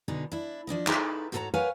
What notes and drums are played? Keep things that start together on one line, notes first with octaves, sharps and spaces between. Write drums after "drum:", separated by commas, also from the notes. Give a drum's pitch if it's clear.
B2 D3 G#3 D#4
D4 E4
F3 D4 E4 D#5
D#4 E4 G#4 A4 B4, drum: clap
G#2 F#4 A4 A#4 C#5 A#5
A#4 B4 C#5 F5 F#5 G#5